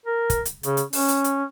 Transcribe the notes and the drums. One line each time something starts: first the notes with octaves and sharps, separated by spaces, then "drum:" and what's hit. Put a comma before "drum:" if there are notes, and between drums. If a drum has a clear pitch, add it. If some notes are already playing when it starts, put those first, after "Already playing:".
A#4
drum: kick, hi-hat
drum: hi-hat
C#3, drum: hi-hat
drum: hi-hat
C#4, drum: open hi-hat
drum: hi-hat
drum: hi-hat